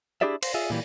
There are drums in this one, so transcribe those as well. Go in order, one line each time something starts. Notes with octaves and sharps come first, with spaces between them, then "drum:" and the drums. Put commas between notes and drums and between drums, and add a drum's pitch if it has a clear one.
D4 E4 G4 G#4 D5 E5
C5, drum: cymbal
F4 G#4 E5
A#2 E3 G3